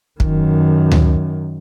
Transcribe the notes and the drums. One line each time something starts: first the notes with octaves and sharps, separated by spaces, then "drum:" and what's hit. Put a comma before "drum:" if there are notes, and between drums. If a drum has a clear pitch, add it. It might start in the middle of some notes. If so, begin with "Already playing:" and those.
F#2 D#3, drum: kick
drum: tom D2